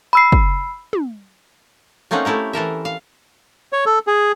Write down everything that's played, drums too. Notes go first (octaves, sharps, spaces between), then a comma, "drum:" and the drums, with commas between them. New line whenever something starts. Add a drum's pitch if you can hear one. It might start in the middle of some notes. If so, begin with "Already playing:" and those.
B5 E6 C7
drum: kick
drum: tom
A3 A#3 C4 C#4 D#4 F#5
A3 E4 G4 A#5
E3 A4 A#4 E5
F5
C#5
A4
G#4